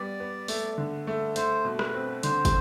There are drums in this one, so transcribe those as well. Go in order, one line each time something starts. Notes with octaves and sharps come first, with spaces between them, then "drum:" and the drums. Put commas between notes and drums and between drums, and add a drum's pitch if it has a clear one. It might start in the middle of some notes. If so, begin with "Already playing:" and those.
Already playing: G3 B3 D5
B3
A3, drum: open hi-hat
D3
A3
A3 C5, drum: hi-hat
B2
B4, drum: rim click
C4
D3 C5, drum: hi-hat
drum: kick, hi-hat